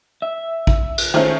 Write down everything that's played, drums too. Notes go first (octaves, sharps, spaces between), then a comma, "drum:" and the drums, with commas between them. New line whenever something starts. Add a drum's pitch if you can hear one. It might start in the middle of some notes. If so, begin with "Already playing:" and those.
E5
drum: kick A1
drum: cymbal
D#3 A3 C#4 F4 G#4 C5 E5